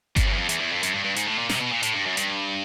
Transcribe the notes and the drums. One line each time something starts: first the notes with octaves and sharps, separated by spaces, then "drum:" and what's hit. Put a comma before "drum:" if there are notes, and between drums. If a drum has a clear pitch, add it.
F2, drum: kick G1, hi-hat
F#2
E2
F2
E2, drum: hi-hat
E2
F2
F#2, drum: hi-hat
G2
G2
G#2, drum: hi-hat
A2
A#2
A#2, drum: snare
C3
B2
A#2
A2, drum: hi-hat
G2
F#2
G2, drum: hi-hat